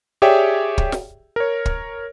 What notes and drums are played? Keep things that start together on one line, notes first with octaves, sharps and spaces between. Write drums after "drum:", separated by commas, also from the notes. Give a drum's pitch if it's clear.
G4 G#4 C#5 D5 E5 G5
drum: kick
drum: snare
A#4 C#5
drum: kick